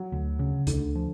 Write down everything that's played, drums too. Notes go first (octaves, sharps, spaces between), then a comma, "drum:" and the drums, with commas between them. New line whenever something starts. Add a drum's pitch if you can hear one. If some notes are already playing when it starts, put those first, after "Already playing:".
Already playing: F#3
D2
C#3
D2 D3, drum: kick C2, hi-hat
F3